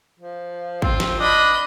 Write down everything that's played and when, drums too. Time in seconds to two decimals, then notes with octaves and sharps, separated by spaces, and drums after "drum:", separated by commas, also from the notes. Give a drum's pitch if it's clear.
0.20 F3
0.82 C4 F4, drum: kick
1.00 drum: snare
1.20 D4 D#5 B5